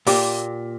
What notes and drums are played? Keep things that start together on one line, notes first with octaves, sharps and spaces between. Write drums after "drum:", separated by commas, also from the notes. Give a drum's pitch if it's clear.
A#2 G4, drum: open hi-hat